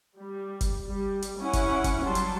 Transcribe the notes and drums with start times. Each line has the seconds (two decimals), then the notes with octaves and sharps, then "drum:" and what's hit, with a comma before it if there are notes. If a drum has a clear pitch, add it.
0.16 G3
0.61 drum: kick F#1, hi-hat
0.86 G3
1.22 drum: hi-hat
1.38 C#4 E4 F#5
1.53 drum: kick F#1, hi-hat
1.84 drum: kick F#1, hi-hat
2.03 F#3 G3 A5 C6
2.15 drum: hi-hat